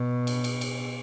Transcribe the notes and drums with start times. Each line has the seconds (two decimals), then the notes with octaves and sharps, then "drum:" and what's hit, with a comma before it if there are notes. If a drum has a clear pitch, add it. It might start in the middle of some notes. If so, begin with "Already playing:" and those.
Already playing: B2
0.27 drum: cymbal
0.44 drum: cymbal
0.61 drum: cymbal